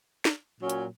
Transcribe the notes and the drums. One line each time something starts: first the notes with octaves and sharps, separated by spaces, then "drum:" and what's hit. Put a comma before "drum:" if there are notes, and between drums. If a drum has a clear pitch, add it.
drum: snare
A#2 F#3 C#4
drum: hi-hat